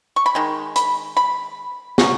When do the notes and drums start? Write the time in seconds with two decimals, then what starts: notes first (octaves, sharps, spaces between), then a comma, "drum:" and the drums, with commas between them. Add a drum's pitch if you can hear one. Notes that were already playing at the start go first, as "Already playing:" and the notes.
0.16 C#6
0.26 B5
0.35 D#3 G#3
0.76 B5, drum: hi-hat
1.17 B5
1.98 F#3 C#4, drum: snare